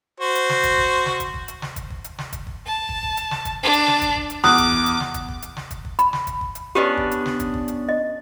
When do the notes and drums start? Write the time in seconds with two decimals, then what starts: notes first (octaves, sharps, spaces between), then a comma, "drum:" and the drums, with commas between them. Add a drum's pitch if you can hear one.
0.20 F#4 C5
0.35 drum: hi-hat
0.49 drum: snare
0.64 drum: kick, hi-hat
0.78 drum: kick
1.06 drum: snare
1.20 drum: kick, hi-hat
1.34 drum: kick
1.48 drum: hi-hat
1.62 drum: snare
1.76 drum: kick, hi-hat
1.90 drum: kick
2.04 drum: hi-hat
2.18 drum: snare
2.33 drum: kick, hi-hat
2.47 drum: kick
2.66 A5
2.89 drum: kick
3.03 drum: kick
3.17 drum: hi-hat
3.31 drum: snare
3.45 drum: kick, hi-hat
3.63 D4
3.73 drum: hi-hat
3.87 drum: snare
4.02 drum: kick, hi-hat
4.16 drum: kick
4.30 drum: hi-hat
4.44 E2 D6 D#6 F#6, drum: snare
4.58 drum: kick, hi-hat
4.72 drum: kick
4.86 drum: hi-hat
5.00 drum: snare
5.14 drum: kick, hi-hat
5.28 drum: kick
5.42 drum: hi-hat
5.57 drum: snare
5.71 drum: kick, hi-hat
5.85 drum: kick
5.99 B5, drum: hi-hat
6.13 drum: snare
6.27 drum: kick, hi-hat
6.41 drum: kick
6.55 drum: hi-hat
6.75 B3 C#4 D4 G4
6.97 drum: kick
7.11 drum: hi-hat
7.26 drum: snare
7.40 drum: kick, hi-hat
7.54 drum: kick
7.68 drum: hi-hat
7.89 D#5